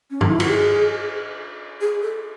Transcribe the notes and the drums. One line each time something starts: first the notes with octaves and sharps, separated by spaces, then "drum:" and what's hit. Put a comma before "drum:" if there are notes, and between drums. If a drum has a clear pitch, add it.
C#4
D#4, drum: tom G2
E4
F#4, drum: cymbal
G#4
G#4
A4